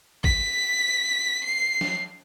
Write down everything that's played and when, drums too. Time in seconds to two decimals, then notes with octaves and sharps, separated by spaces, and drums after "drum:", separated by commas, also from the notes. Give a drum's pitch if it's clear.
0.24 B6, drum: kick G#1
1.44 C7
1.81 drum: snare